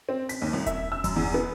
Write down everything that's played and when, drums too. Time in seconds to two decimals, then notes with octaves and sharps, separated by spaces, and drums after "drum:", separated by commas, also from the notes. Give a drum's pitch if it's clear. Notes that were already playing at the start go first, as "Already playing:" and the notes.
0.09 C4
0.29 B6, drum: open hi-hat
0.42 D#2
0.53 C2
0.66 E5, drum: kick E1, hi-hat
0.92 E6
1.04 F#2, drum: kick E1, open hi-hat
1.16 E2
1.34 B3